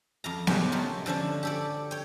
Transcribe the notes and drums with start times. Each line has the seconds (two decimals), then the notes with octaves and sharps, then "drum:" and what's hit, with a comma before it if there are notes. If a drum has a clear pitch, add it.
0.24 F2 F5 A#5
0.47 A#2 C#3 C#4 F#4 G4, drum: snare B3
0.72 F#3 A3 D#4 F4
1.06 D3 F3 C#4 D4
1.43 G4 A4 D5
1.91 C#5 G5